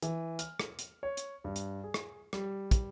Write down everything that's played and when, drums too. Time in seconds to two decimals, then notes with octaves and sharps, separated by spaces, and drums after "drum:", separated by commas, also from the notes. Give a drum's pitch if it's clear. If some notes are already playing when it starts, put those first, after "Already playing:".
0.02 E3, drum: hi-hat
0.39 F6, drum: hi-hat
0.60 drum: rim click
0.79 drum: hi-hat
1.03 C#5
1.17 drum: hi-hat
1.44 G2
1.56 drum: hi-hat
1.84 G#4
1.94 drum: rim click
2.33 G3, drum: rim click
2.71 drum: kick, hi-hat